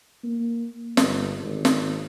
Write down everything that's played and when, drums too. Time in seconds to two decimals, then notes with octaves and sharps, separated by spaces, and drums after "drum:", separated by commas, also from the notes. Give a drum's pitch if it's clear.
0.24 A#3
0.97 G1, drum: snare
1.43 G#1
1.65 drum: snare